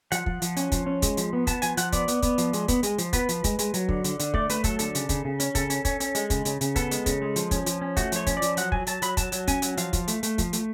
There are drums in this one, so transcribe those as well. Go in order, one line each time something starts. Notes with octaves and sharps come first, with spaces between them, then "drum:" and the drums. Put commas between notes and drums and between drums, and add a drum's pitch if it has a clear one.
F3 F#5, drum: hi-hat
F3, drum: kick
F3, drum: hi-hat
C#4, drum: hi-hat
F3, drum: kick, hi-hat
C#4
G#3, drum: kick, hi-hat
F3, drum: hi-hat
B3
B3 A5, drum: kick, hi-hat
F3 G#5, drum: hi-hat
F3 F#5, drum: hi-hat
B3 D5, drum: kick, hi-hat
B3, drum: hi-hat
B3, drum: kick, hi-hat
F3, drum: hi-hat
G#3, drum: hi-hat
B3, drum: kick, hi-hat
G#3, drum: hi-hat
F3, drum: hi-hat
B3 B4, drum: kick, hi-hat
F3, drum: hi-hat
G#3, drum: kick, hi-hat
G#3, drum: hi-hat
F#3, drum: hi-hat
D3, drum: kick
D3, drum: hi-hat
D3, drum: hi-hat
A3 D5, drum: kick
A3 B4, drum: hi-hat
F#3 A4, drum: kick, hi-hat
D3 A4, drum: hi-hat
C#3, drum: hi-hat
C#3, drum: kick, hi-hat
C#3
C#4, drum: hi-hat
C#3 A4, drum: kick, hi-hat
C#4, drum: hi-hat
C#4, drum: kick, hi-hat
C#4, drum: hi-hat
G#3, drum: hi-hat
C#3, drum: kick, hi-hat
C#3, drum: hi-hat
C#3, drum: hi-hat
B3 A4, drum: kick, hi-hat
G#3, drum: hi-hat
C#3, drum: kick, hi-hat
G#3
F3, drum: hi-hat
C#4, drum: kick, hi-hat
F3, drum: hi-hat
C#4
A3 F#4, drum: kick, hi-hat
F3 C#5, drum: hi-hat
C#4, drum: kick, hi-hat
D5
F3, drum: hi-hat
F#3 F#5, drum: hi-hat
F#3 G#5, drum: kick
F#3 A5, drum: hi-hat
F#3 B5, drum: hi-hat
F#3 A5, drum: kick, hi-hat
F#3, drum: hi-hat
C#4 G#5, drum: kick, hi-hat
F#3, drum: hi-hat
F3 F5, drum: hi-hat
F3, drum: kick, hi-hat
A3, drum: hi-hat
A3, drum: hi-hat
F3, drum: kick, hi-hat
A3, drum: hi-hat